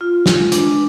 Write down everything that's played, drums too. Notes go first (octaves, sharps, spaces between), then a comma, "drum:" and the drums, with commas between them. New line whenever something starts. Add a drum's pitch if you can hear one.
F4
G#3, drum: snare
D4, drum: hi-hat